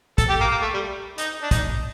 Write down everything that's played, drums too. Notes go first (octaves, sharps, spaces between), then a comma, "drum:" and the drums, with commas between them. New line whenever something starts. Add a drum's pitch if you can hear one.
A4, drum: kick, hi-hat
G4
A#3
A#3
A3
G3
D#4, drum: hi-hat
D4
D#4, drum: kick, hi-hat